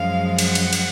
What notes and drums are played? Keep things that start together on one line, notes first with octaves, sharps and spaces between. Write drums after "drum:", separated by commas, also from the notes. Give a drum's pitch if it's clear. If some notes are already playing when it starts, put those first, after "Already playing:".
Already playing: F#2 F3 G#3 F5
F#5, drum: cymbal
drum: cymbal
drum: cymbal